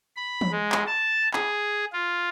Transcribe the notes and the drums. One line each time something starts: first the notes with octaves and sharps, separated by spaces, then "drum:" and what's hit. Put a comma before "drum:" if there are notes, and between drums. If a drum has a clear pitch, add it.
B5
drum: tom
G#3
drum: clap
A5
G#4, drum: clap
F4